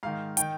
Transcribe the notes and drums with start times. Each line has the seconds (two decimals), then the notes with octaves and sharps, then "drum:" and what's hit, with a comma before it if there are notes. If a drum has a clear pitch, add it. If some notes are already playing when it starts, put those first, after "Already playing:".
0.03 G#2 D#3 F5
0.37 D#3 G5, drum: hi-hat